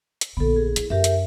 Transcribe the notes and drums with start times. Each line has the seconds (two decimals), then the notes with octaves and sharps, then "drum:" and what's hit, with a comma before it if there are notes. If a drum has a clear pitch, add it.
0.21 drum: hi-hat
0.37 A#1 D3 B3 A4
0.56 G#4
0.76 E4, drum: hi-hat
0.90 F#2 G4 A#4 E5
1.04 drum: hi-hat